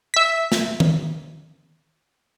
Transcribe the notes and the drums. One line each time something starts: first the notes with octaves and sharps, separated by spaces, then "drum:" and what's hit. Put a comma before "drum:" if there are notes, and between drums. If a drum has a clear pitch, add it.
E5 B6
drum: snare
drum: tom D#3